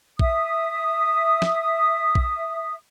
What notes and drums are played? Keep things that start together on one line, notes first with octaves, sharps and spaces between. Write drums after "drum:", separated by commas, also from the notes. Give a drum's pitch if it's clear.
E5 D#6, drum: kick A#1
drum: snare
drum: kick A#1